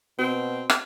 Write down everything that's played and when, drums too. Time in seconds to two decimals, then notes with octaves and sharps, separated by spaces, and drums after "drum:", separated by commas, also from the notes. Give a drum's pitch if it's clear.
0.19 B2 C4 F#4
0.70 drum: rim click